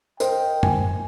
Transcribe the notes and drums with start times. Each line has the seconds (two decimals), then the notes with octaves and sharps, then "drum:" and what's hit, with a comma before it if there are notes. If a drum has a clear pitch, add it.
0.20 A#4 C5 D#5 G5, drum: tambourine
0.63 G#5, drum: tom